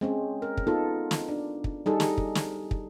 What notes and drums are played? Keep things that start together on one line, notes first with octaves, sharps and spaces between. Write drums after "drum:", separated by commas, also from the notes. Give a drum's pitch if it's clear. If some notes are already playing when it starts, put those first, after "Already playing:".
G#3 C4 C#4
A#4
drum: kick
B3 D#4 F4 A4
drum: snare
D4
drum: kick
G3 D#4 G#4 A4
drum: snare
drum: kick
drum: snare
drum: kick